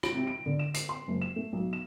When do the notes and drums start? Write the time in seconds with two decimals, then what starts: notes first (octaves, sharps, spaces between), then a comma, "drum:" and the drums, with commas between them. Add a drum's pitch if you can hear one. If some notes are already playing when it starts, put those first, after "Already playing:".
0.03 D7, drum: rim click
0.15 C3
0.27 D7
0.46 D3
0.59 E7
0.74 C7, drum: hi-hat
0.89 C6
1.08 F#1
1.21 E7
1.36 A3
1.53 B1
1.73 E7